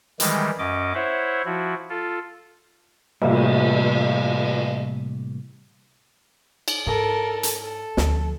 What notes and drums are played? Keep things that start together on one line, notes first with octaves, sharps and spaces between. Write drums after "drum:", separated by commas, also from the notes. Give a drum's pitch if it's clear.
D#3 E3 G3 G#3, drum: hi-hat
F#2 C#4 D#5 D6
E4 C5 C#5 E5 F#5
F3 E4 F#4
F4 A4
A2 C3 E3 G3 A#3, drum: cymbal
drum: cymbal
G#2 A4 A#4
drum: hi-hat
A4
D2 F3, drum: snare